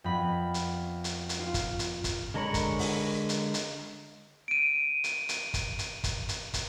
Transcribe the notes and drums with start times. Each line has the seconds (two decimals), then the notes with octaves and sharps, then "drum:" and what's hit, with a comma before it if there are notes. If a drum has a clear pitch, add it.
0.04 F2 B3 B5
0.54 drum: hi-hat
1.04 drum: hi-hat
1.29 drum: hi-hat
1.39 F4
1.54 drum: kick, hi-hat
1.79 drum: hi-hat
2.04 drum: kick, hi-hat
2.34 D3 G#3 A#4 C#5 B5
2.54 drum: kick, hi-hat
2.79 drum: open hi-hat
3.29 drum: hi-hat
3.54 drum: hi-hat
4.48 D7 D#7
5.04 drum: hi-hat
5.29 drum: hi-hat
5.54 drum: kick, hi-hat
5.79 drum: hi-hat
6.04 drum: kick, hi-hat
6.29 drum: hi-hat
6.54 drum: kick, hi-hat